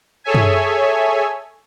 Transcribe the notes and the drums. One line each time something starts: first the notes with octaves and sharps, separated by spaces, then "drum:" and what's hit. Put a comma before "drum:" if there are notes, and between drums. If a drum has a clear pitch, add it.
G#4 A4 C#5 E5 G#5
drum: tom